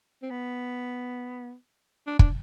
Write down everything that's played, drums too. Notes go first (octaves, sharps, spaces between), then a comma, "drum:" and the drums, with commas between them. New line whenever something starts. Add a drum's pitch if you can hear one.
C4
B3
D4
D4, drum: kick